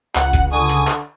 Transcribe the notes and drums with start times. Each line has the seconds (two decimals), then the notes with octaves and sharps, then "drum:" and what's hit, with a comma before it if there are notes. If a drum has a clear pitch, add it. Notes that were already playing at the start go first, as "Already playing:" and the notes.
0.15 C#2 F#5, drum: clap
0.33 drum: kick, hi-hat
0.51 D3 G#5 C#6 D#6
0.69 drum: hi-hat
0.87 drum: clap